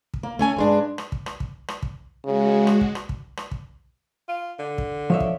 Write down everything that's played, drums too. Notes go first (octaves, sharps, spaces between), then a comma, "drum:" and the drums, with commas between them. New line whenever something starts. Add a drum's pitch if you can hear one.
drum: kick
A#3
A3 C#4 G#5
G2 G#3 D4
drum: rim click
drum: kick
drum: rim click
drum: kick
drum: rim click
drum: kick
C#3 G#3 F#4
drum: rim click
drum: kick
drum: rim click
drum: kick
drum: rim click
drum: kick
F4
D3
drum: kick
F3 C#5 E5
drum: kick